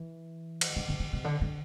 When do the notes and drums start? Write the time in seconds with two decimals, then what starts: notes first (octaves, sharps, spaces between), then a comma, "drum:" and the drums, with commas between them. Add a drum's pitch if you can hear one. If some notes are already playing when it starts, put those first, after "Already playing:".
Already playing: E3
0.61 drum: cymbal
0.76 D3
0.88 D3
1.00 D3
1.13 C3
1.24 D3
1.41 D3